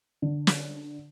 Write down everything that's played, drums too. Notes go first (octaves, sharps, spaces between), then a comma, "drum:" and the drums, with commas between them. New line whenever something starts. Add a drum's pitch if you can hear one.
D3
drum: snare